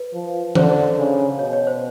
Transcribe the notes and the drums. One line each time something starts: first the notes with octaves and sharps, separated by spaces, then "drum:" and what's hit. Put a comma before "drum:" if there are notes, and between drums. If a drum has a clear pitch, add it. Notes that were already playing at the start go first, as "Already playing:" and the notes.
Already playing: B4
F3
D3 C5, drum: tom E3
C#3
B2 C#5
C#5
C5